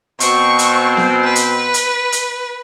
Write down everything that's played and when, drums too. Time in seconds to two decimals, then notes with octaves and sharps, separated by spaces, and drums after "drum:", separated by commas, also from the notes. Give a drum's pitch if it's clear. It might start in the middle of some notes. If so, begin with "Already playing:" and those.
0.20 B2 C4 C#6, drum: hi-hat
0.59 drum: hi-hat
0.97 drum: snare B3
1.24 B4
1.36 drum: hi-hat
1.74 drum: hi-hat
2.12 drum: hi-hat